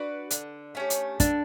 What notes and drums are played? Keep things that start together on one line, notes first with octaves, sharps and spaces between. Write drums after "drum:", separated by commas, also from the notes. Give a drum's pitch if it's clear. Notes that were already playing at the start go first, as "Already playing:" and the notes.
Already playing: D4 F#4 B4 D5
D3, drum: hi-hat
A3 C#4 G4
drum: hi-hat
D3 D4, drum: kick, hi-hat